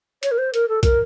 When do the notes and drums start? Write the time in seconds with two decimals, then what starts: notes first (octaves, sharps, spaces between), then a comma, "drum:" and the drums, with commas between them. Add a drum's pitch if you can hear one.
0.23 C#5, drum: hi-hat
0.31 A#4
0.38 C5
0.54 A#4, drum: hi-hat
0.69 A4
0.83 A#4, drum: kick, hi-hat